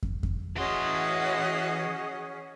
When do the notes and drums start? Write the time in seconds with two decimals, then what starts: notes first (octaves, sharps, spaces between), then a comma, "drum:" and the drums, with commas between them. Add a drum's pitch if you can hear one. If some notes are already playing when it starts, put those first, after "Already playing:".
0.03 drum: kick
0.23 drum: kick
0.56 E3 C#4 F#4 G#4 D#5 F#5 C6